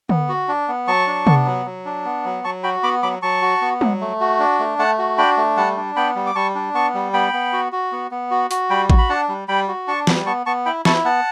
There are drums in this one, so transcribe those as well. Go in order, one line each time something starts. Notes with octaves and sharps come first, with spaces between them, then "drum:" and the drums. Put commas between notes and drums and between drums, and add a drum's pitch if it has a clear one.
B3, drum: tom D3
F#4
D4
B3
F#3 A5 C#6
D4
B3, drum: tom C3
F#3
F#3
D4
B3
F#3
F#3 A5 C#6
F#4 G5 B5
B3 B5 D6
F#3 B5 D6
F#3 A5 C#6
F#4
B3
F#3, drum: tom G3
A3
F#4
D4
A3
A3 F#5 A5
F#4
D4 G5 B5
A3
G3 F#5 A5
D4
B3 G5 B5
G3
D6
G3 A5 C#6
D4
B3 A5 C#6
G3
B3 G5 B5
B3
F#4
F#4
B3
B3
F#4
F#4, drum: hi-hat
G3 G5 B5
F#4, drum: kick A1
B5
D4 F#5 A5
G3
G3 G5 B5
F#4
D4 A5 C#6
G3, drum: snare
B3 A5 C#6
B3 A5 C#6
E4 G5 B5
E4 A5 C#6, drum: snare
B3 F#5 A5